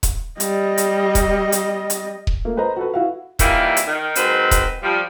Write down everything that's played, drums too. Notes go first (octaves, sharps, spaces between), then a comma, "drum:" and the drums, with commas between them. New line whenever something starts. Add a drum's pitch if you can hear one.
drum: kick D#1, hi-hat
G3 D#5, drum: hi-hat
drum: hi-hat
drum: kick D#1, hi-hat
drum: hi-hat
drum: hi-hat
drum: kick D#1
A3 A#3
B4 C5 D#5 A#5
F#4 A4 B4
E4 F#4 F5
D#3 E3 G3 A#3 E4 F4, drum: kick D#1, hi-hat
drum: hi-hat
D#3
D#3 F#3 G#3 C4 B4 C5, drum: hi-hat
drum: kick D#1, hi-hat
F3 G3